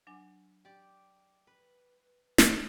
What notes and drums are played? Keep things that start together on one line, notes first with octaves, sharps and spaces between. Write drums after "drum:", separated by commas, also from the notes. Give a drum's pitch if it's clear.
F#3 D4 G#5
G4 D5
B4
drum: snare